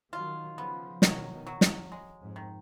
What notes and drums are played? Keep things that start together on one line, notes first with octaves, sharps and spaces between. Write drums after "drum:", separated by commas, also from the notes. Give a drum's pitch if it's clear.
D#3 F#3 F4
C#3 F3 B3
B2 D#3 F#3, drum: snare
B2 D#3
F#3
F2, drum: snare
G#3
F2 G#2
D#3